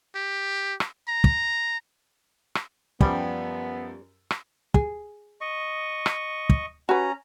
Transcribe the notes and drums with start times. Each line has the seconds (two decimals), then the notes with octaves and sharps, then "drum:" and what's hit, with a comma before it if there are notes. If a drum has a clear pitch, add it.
0.15 G4
0.80 drum: rim click
1.08 A#5
1.24 drum: kick
2.55 drum: rim click
3.01 F#2 F3 G3 B3 G4, drum: kick
4.31 drum: rim click
4.74 G#4, drum: kick
5.41 D#5 C#6
6.06 drum: rim click
6.50 drum: kick
6.89 C#4 F#4 B4 A#5